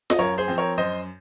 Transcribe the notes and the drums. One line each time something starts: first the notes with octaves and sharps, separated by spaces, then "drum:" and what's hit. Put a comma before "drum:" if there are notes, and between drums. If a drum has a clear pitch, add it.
D#5, drum: snare F4
F#2 A#4 C#5
G#4 C5
F3 C4
A#4 C#5
F#2 C5 D#5